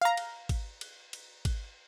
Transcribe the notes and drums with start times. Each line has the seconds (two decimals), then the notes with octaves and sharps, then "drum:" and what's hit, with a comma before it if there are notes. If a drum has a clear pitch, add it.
0.02 F5 A#5
0.17 drum: cymbal
0.49 drum: kick, cymbal
0.81 drum: cymbal
1.13 drum: cymbal
1.45 drum: kick, cymbal